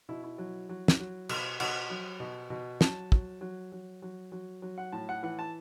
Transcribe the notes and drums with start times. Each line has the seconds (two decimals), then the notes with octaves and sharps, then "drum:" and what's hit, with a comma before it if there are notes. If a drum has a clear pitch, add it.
0.09 B2 E4
0.24 E4
0.38 F#3
0.69 F#3
0.88 drum: snare
1.00 F#3
1.29 B2, drum: cymbal
1.60 B2 F#5, drum: cymbal
1.90 F#3
2.20 B2
2.50 B2
2.81 F#3 A5, drum: snare
3.12 F#3, drum: kick
3.41 F#3
3.72 F#3
4.02 F#3
4.32 F#3
4.62 F#3
4.78 F#5
4.92 A2 A5
5.09 F#5
5.23 E3 F#5
5.39 A5